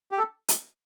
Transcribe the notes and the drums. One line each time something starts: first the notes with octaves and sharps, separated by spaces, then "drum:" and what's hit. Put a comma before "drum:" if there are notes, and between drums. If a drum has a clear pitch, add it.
G4
A4
drum: hi-hat